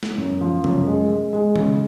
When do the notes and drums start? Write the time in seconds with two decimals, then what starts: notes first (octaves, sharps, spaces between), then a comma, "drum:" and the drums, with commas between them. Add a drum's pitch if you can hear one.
0.03 drum: snare
0.18 F#2
0.41 F3
0.64 F#2, drum: tom C3
0.87 G#3
1.10 G#3
1.33 G#3
1.56 C#3, drum: tom D#3